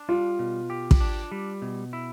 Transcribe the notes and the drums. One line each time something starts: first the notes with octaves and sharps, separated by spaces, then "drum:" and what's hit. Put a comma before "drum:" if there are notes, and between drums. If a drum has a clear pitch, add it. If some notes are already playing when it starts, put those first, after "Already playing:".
Already playing: D4
G3 F4
B2
G4
drum: kick
D4
G3
B2
E4